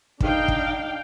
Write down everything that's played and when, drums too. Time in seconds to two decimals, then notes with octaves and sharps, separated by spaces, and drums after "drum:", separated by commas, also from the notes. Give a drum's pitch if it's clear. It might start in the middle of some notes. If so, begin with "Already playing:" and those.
0.20 D4 D#4 F5 G5, drum: kick
0.48 drum: kick